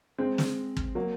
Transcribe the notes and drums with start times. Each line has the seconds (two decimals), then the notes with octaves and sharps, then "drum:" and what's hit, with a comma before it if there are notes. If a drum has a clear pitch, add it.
0.18 G#3 C4
0.38 drum: snare
0.77 drum: kick
0.95 F#3 A#3